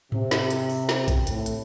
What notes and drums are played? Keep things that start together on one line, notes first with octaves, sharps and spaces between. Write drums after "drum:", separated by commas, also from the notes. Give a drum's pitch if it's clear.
C3, drum: tom G#2
drum: snare
drum: hi-hat
drum: open hi-hat
drum: snare
drum: kick A#1, hi-hat
A2, drum: hi-hat
drum: hi-hat